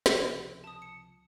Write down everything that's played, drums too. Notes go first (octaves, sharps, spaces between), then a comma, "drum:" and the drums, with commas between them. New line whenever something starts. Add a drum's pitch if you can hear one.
C#2 C3 F3, drum: snare
A5 D#6
C#7